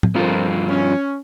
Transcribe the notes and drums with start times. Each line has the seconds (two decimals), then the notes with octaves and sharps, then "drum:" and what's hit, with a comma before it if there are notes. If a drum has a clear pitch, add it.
0.03 drum: tom
0.15 G2 F3 C4 F4 A4 A#4
0.69 C#4